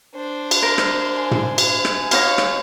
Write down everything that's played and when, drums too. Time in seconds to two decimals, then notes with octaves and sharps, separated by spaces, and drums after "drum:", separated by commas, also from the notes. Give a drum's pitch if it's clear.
0.15 D4 C5
0.51 drum: cymbal
0.63 A#4
0.78 drum: rim click
1.16 G#5
1.31 drum: tom
1.58 drum: cymbal
1.85 drum: rim click
2.11 D#4 E4 C#5 F5, drum: cymbal
2.38 drum: rim click